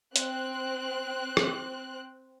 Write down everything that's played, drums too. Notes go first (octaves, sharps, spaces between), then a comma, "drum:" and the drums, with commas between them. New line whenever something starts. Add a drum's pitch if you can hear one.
C4 F#6, drum: hi-hat
drum: rim click